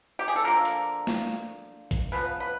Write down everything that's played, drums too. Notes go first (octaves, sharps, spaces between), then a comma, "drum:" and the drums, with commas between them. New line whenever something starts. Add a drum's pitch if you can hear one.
G4
G#4
A4
D3 F3 A#3 A#4
drum: hi-hat
drum: snare
drum: kick A1, hi-hat
C#3 F3 B3 B4
B4